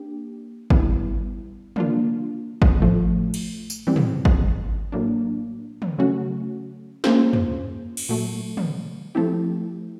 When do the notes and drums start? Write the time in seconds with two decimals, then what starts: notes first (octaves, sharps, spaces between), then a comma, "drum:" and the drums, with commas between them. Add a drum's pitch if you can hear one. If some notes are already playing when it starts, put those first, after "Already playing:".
Already playing: A#3 D4 G4
0.70 G3 B3 E4, drum: kick G#1
1.76 A#3 D4 F4, drum: tom
2.62 drum: kick G#1
2.82 A2 F3 A3
3.34 drum: cymbal
3.70 drum: tambourine
3.87 E3 G3 C4
3.96 drum: tom
4.25 drum: kick G#1
4.92 A2 F#3 A#3 D4
5.82 drum: tom
5.98 C#3 F#3 A3 C#4 F#4
7.04 A#3 C#4 F4 G#4 C5, drum: snare
7.33 drum: tom
7.97 drum: cymbal
8.09 A#2 F#3 A3
8.57 drum: tom
9.15 F3 A3 C4 E4 G4